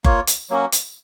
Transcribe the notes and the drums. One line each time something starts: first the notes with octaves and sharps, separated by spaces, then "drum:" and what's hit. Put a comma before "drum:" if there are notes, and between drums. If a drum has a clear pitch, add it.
A#3 F4 C#5, drum: kick F#1
drum: hi-hat
F#3 A#3 C#4 F#4
drum: hi-hat